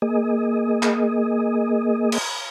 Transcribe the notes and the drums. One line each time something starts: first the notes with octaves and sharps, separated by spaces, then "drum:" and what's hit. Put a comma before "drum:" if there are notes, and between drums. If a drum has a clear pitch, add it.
A#3 G#4 D#5
drum: clap
drum: cymbal